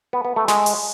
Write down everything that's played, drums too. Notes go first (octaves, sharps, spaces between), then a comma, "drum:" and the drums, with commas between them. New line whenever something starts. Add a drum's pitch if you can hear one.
B3
B3
A3
G#3, drum: snare
drum: open hi-hat